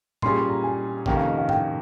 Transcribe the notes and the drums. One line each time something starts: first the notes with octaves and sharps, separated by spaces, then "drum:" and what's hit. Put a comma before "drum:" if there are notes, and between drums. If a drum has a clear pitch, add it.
A#2 G3 C#4 G#4 C6, drum: tom G#2
C6
A#5
G#5
F2 C3 D#3 A#3 C#4 G5, drum: kick
F5
D#5
F5
G5, drum: tom G#2